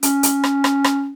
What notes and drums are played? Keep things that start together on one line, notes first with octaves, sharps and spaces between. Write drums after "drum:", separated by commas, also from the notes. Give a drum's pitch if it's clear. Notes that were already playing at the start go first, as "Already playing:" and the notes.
C#4, drum: hi-hat
drum: hi-hat
drum: rim click
drum: rim click
drum: rim click